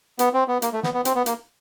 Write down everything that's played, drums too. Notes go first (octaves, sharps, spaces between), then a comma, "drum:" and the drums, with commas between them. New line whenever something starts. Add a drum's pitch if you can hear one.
B3, drum: hi-hat
C4
B3
A#3, drum: hi-hat
A3
B3, drum: snare
B3
C4, drum: hi-hat
B3
A#3, drum: hi-hat